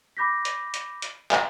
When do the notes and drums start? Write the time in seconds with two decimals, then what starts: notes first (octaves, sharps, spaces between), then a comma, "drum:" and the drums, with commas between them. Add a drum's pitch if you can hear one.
0.17 B5 D6 G6 A#6 B6
0.45 drum: hi-hat
0.74 drum: hi-hat
1.02 drum: hi-hat
1.31 drum: clap